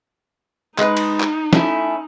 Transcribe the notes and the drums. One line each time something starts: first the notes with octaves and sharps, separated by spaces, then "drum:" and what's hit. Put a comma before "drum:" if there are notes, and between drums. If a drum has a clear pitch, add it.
G#3 D#4 B4, drum: clap
drum: cymbal
drum: clap
A3 C#4 E4, drum: snare